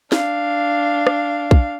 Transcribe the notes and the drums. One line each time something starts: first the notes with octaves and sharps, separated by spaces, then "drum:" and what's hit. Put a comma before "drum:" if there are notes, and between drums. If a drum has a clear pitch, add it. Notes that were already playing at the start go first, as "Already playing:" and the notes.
D4 F5, drum: snare
drum: rim click
drum: kick